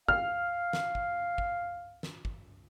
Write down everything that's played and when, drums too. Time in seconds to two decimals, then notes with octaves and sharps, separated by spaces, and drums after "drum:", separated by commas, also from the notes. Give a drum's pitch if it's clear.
0.08 F5 F6, drum: kick
0.73 drum: snare
0.95 drum: kick
1.38 drum: kick
2.03 drum: snare
2.25 drum: kick